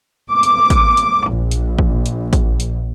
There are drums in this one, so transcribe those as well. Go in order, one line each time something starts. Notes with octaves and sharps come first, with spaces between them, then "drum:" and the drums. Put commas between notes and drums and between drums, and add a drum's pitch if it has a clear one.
D6
drum: hi-hat
drum: kick A1, hi-hat
drum: hi-hat
A#1
drum: hi-hat
drum: kick A1
drum: hi-hat
drum: kick A1, hi-hat
drum: hi-hat